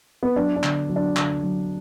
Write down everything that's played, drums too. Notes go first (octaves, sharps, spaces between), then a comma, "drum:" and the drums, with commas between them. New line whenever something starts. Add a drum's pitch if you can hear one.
B3
F#3 D4
D4
D3, drum: clap
F#3
D4
D3, drum: clap
F#3